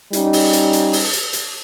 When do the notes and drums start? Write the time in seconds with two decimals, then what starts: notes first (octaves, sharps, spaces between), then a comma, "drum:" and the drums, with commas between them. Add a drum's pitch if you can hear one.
0.13 G3 C#4 D#4, drum: hi-hat
0.33 drum: open hi-hat
0.53 drum: hi-hat
0.73 drum: hi-hat
0.93 drum: open hi-hat
1.13 drum: hi-hat
1.33 drum: hi-hat